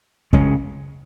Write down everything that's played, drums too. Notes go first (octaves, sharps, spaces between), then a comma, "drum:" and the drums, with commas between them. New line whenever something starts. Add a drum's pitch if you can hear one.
F#2 C#3 G#3 C#4, drum: kick